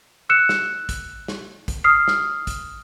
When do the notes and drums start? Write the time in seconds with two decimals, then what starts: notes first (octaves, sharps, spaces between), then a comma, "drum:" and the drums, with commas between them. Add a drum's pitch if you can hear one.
0.29 E6 F#6 C#7 E7
0.49 drum: snare
0.89 drum: kick, hi-hat
1.28 drum: snare
1.68 drum: kick, hi-hat
1.84 D#6 F6 C7
2.08 drum: snare
2.47 drum: kick, hi-hat